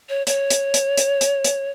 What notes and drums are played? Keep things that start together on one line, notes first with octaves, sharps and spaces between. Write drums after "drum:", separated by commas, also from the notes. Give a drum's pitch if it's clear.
C#5
C#5, drum: hi-hat
drum: hi-hat
drum: hi-hat
drum: hi-hat
drum: hi-hat
drum: hi-hat